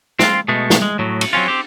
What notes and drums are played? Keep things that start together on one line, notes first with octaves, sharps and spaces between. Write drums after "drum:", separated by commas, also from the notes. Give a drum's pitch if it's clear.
C4 F4, drum: snare
B2 G#3 A3
drum: snare
G#3
A2 F#3
drum: cymbal
F#3 C4 C#4 F4
C4 G4